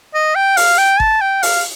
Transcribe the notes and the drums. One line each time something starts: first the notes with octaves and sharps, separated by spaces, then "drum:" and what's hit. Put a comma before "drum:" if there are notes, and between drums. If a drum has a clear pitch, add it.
D#5
G5
F5, drum: open hi-hat
G5
A5, drum: kick G#1
G5
F5, drum: open hi-hat